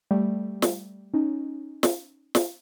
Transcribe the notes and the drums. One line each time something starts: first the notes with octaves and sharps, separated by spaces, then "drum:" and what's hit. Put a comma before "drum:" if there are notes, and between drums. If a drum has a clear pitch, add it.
G3 A3
drum: snare
C#4 D#4
drum: snare
drum: snare